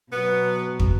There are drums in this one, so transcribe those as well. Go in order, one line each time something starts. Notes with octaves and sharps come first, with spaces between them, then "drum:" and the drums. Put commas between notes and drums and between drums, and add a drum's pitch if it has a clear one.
B2 F#3 B3
drum: kick